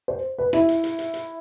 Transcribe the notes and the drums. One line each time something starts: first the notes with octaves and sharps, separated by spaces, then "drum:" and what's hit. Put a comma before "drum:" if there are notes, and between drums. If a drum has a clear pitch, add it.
C5
B4
E4, drum: rim click
drum: hi-hat
drum: hi-hat
drum: hi-hat
drum: hi-hat